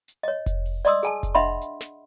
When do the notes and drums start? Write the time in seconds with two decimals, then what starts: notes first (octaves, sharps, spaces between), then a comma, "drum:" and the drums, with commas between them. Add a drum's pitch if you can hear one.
0.08 drum: hi-hat
0.23 C#5 D#5
0.46 drum: kick F1, hi-hat
0.66 drum: open hi-hat
0.85 D5 D#5 C6 D#6 E6, drum: hi-hat
1.03 G#4 G#5 A5, drum: hi-hat
1.23 drum: kick F1, hi-hat
1.35 D4 D#5 E5 F#5 B5 C6
1.61 drum: hi-hat
1.81 drum: snare